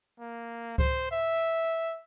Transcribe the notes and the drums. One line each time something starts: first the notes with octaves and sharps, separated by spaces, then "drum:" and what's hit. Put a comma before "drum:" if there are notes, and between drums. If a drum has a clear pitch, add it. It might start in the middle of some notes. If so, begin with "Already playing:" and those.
A#3
C5, drum: kick C#2, tambourine
E5
drum: tambourine
drum: tambourine